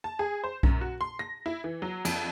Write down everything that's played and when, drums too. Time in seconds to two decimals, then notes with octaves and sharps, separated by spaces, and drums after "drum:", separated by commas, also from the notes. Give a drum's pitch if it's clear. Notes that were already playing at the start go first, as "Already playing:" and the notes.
0.04 A5
0.19 G#4
0.44 C5
0.63 F#2, drum: kick B1
0.81 F#4
1.01 C6
1.19 A#6
1.46 E4
1.64 E3
1.82 F#3
2.05 F2, drum: cymbal